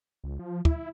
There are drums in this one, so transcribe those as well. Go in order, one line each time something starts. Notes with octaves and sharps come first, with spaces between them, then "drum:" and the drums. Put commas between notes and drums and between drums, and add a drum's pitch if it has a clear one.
C#2
F3
E4, drum: kick